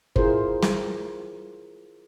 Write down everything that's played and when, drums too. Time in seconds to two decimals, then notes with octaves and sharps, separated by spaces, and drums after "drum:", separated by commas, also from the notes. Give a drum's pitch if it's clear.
0.16 E4 F4 G#4 A#4 C5, drum: kick G1
0.63 drum: snare